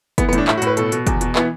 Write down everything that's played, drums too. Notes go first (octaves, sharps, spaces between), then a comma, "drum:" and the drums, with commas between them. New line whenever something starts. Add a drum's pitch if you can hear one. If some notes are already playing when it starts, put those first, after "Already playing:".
E3 B3, drum: kick, hi-hat
B3
A2, drum: hi-hat
D4
A2 E4, drum: clap
F#4
A2, drum: hi-hat
B4
B2 A4, drum: hi-hat
B2, drum: hi-hat
E2, drum: kick, hi-hat
B2, drum: hi-hat
E3 B3, drum: clap